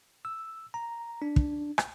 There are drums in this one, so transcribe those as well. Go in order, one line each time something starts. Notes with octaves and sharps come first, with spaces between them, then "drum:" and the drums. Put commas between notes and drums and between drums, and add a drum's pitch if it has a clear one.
E6
A#5
D4
drum: kick
drum: rim click